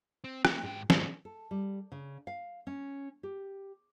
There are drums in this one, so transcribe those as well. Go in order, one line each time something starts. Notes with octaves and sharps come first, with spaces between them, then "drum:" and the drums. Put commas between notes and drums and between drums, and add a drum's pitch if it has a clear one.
C4
A#3, drum: rim click
G#2 G5
D#2 G#2, drum: snare
A4
G3
C#3
F5
C#4
G4